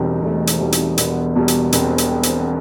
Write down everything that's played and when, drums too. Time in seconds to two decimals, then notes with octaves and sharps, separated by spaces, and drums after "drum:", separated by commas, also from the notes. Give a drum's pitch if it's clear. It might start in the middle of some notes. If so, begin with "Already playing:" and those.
Already playing: E1 E2 B2 G3 C4 D#4
0.22 E1 A3
0.47 drum: hi-hat
0.60 E2 B2 G3
0.72 drum: hi-hat
0.98 E1 B3, drum: hi-hat
1.36 E2 B2 G3
1.48 drum: hi-hat
1.72 E1 C4, drum: hi-hat
1.98 drum: hi-hat
2.23 drum: hi-hat